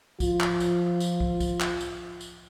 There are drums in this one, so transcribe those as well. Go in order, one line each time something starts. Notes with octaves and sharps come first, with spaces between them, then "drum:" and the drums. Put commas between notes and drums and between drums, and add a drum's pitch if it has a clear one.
F3 F4, drum: kick, tambourine
drum: clap
drum: tambourine
drum: tambourine
drum: kick
drum: kick, tambourine
drum: clap
drum: tambourine
drum: tambourine